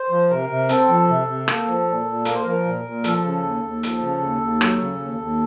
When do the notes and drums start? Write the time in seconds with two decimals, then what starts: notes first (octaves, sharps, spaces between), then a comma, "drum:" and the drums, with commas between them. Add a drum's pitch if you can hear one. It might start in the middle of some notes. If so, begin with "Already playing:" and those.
Already playing: C5
0.10 F3
0.30 C3 A#4
0.49 C3
0.69 C4 A4, drum: hi-hat
0.89 F3
1.09 C3
1.28 C3
1.48 A#3, drum: rim click
1.67 F3
1.87 A#2
2.06 A#2
2.25 A#3 A#4, drum: hi-hat
2.34 C5
2.43 F3 A#4
2.65 A#2
2.84 A#2
3.04 F3 A4, drum: hi-hat
3.24 C#3
3.44 D#2
3.63 D#2
3.83 F3, drum: hi-hat
4.02 C#3
4.22 D#2
4.41 D#2
4.61 F#3, drum: rim click
4.81 C#3
5.00 D#2
5.20 D#2